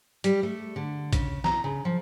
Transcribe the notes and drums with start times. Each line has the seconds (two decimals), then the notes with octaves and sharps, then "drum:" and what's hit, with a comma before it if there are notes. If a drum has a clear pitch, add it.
0.24 G3, drum: hi-hat
0.43 A3
0.76 D3
1.13 C#3, drum: kick B1, hi-hat
1.44 A#5, drum: snare
1.64 C#3
1.85 F3